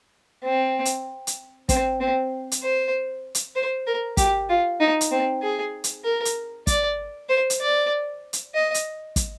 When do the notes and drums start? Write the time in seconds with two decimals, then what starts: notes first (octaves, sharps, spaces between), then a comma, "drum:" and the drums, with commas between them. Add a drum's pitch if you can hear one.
0.44 C4
0.85 drum: hi-hat
1.27 drum: hi-hat
1.69 C4, drum: kick, hi-hat
2.00 C4
2.52 drum: hi-hat
2.62 C5
3.35 drum: hi-hat
3.56 C5
3.87 A#4
4.17 G4, drum: kick, hi-hat
4.49 F4
4.80 D#4
5.01 drum: hi-hat
5.11 C4
5.42 G#4
5.84 drum: hi-hat
6.04 A#4
6.25 drum: hi-hat
6.67 D5, drum: kick, hi-hat
7.29 C5
7.50 drum: hi-hat
7.60 D5
8.33 drum: hi-hat
8.54 D#5
8.74 drum: hi-hat
9.16 drum: kick, hi-hat